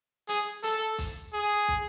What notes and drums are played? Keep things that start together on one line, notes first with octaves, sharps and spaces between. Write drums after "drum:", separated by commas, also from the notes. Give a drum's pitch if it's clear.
G#4, drum: hi-hat
A4, drum: hi-hat
drum: kick, hi-hat
G#4
drum: kick